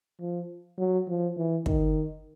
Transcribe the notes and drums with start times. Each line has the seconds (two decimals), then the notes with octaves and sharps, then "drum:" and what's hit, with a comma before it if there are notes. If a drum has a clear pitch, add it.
0.20 F3
0.78 F#3
1.08 F3
1.37 E3
1.66 D#3, drum: kick